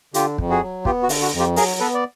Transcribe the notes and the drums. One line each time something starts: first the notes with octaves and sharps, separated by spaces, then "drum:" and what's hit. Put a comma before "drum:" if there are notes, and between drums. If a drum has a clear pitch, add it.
D3 F4 G4, drum: hi-hat
F2, drum: kick
F#4 G#4
F#3
B3 F4 G4, drum: kick
F#4
D3, drum: open hi-hat
F#4
F2
F4 G4
F#3 G#4 A#4, drum: open hi-hat
B3 A4 B4
D5